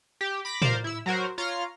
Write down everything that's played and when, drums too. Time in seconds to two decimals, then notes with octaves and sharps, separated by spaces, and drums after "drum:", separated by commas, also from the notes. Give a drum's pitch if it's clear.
0.21 G4
0.45 B5 D6 A#6 B6
0.62 A#4 C5 D5 F5, drum: tom
0.84 E4 E6
1.06 F#3 F#4 A#4 C5
1.38 F4 C#5 F5 A#5 C6 F6